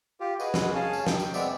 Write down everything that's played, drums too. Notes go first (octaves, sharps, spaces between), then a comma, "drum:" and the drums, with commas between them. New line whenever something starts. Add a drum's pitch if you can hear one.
F4 G4
F#4 G#4 B4 D#5, drum: tambourine
drum: snare
C#4 G#4 F5 G#5 A5
drum: tambourine
D#3 G5, drum: snare
drum: tambourine
G#3 B3 C4 D5 E5, drum: tambourine